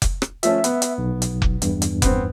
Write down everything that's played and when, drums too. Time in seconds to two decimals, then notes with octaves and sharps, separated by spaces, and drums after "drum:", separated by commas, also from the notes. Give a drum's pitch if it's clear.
0.02 drum: kick F1, hi-hat
0.22 drum: rim click
0.43 F3 A3 C#4 E5, drum: hi-hat
0.64 B3, drum: hi-hat
0.82 drum: hi-hat
0.98 B1
1.22 drum: hi-hat
1.42 drum: kick F1
1.62 E2 G2, drum: hi-hat
1.82 drum: hi-hat
2.02 B3 C4, drum: kick F1, hi-hat